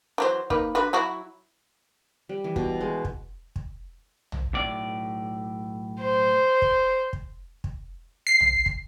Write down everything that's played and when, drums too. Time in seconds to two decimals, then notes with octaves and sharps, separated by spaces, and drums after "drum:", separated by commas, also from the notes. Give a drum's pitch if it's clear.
0.18 E3 F#3 C5
0.50 A#3 D#4 B4, drum: kick
0.75 D3 F#4 B4
0.93 F#3 E4 F#4
2.29 G3
2.44 E3
2.56 B2, drum: kick
2.81 G#3
3.05 drum: kick
3.56 drum: kick
4.32 drum: tom
4.53 B1 A2 D5
6.01 C5
6.62 drum: kick
7.13 drum: kick
7.64 drum: kick
8.27 C7
8.41 drum: tom
8.66 drum: kick